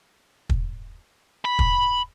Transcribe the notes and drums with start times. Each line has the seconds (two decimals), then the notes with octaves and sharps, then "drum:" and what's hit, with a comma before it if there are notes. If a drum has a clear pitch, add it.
0.49 drum: kick
1.45 B5
1.59 drum: kick